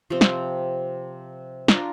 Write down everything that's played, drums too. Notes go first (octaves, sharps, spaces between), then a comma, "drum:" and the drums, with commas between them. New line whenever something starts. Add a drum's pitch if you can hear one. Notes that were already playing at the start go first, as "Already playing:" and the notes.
C3 F3 C4
drum: snare
D4 F4 A#4, drum: snare